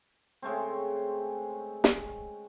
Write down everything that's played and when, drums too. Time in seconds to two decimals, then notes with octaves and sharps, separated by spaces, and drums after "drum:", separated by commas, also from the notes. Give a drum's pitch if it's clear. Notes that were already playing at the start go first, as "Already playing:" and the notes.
0.42 C#3 G#3 A3 C4
1.84 drum: snare